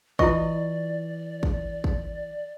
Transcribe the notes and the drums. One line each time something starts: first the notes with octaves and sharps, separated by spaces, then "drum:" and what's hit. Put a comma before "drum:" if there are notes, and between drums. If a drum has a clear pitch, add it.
E3 E4 F4 D5 D#5 C#6, drum: kick
drum: kick
drum: kick